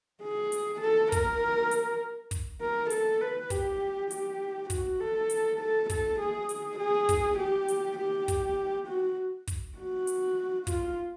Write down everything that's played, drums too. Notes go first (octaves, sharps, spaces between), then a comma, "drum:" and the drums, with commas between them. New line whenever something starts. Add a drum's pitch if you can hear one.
G#4
drum: hi-hat
A4
A#4, drum: kick, hi-hat
drum: hi-hat
drum: kick, hi-hat
A#4
A4, drum: hi-hat
B4
G4, drum: kick, hi-hat
G4, drum: hi-hat
F#4, drum: kick, hi-hat
A4
drum: hi-hat
A4
A4, drum: kick, hi-hat
G#4
drum: hi-hat
G#4
drum: kick, hi-hat
G4
drum: hi-hat
G4
drum: kick, hi-hat
F#4
drum: kick, hi-hat
F#4
drum: hi-hat
F4, drum: kick, hi-hat